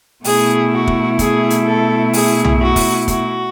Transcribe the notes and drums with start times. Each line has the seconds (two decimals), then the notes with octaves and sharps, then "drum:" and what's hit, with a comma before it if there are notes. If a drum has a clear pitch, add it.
0.24 B2 A3 E4 G#4, drum: open hi-hat
0.72 F#4
0.87 drum: kick
1.19 G#4, drum: kick, hi-hat
1.50 drum: hi-hat
1.66 A4
2.13 G#4, drum: open hi-hat
2.45 drum: tom
2.60 F#4
2.76 drum: kick, open hi-hat
3.08 F#4, drum: kick, hi-hat